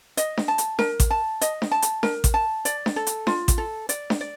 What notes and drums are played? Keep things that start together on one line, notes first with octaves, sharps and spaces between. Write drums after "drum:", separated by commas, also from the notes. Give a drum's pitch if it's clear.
D#5, drum: hi-hat
drum: snare D4
A5
drum: hi-hat
A#4, drum: snare D4
drum: kick A1, hi-hat
A5
D#5, drum: hi-hat
drum: snare D4
A5
drum: hi-hat
A#4, drum: snare D4
drum: kick A1, hi-hat
A5
D5, drum: hi-hat
drum: snare D4
A4
drum: hi-hat
F4, drum: snare D4
drum: kick A1, hi-hat
A4
D5, drum: hi-hat
drum: snare D4
D5